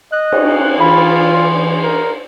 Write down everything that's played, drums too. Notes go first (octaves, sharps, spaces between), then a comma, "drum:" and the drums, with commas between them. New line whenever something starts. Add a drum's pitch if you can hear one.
D#5 F#6
drum: cymbal
C#4
E3 F4 B5
C6
A#4